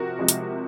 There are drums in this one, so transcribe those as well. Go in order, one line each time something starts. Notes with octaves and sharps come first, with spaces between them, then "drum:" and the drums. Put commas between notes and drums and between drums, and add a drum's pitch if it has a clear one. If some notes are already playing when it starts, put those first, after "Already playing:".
Already playing: C3 F3 F#4 A#4
C3 F3 G#3
drum: hi-hat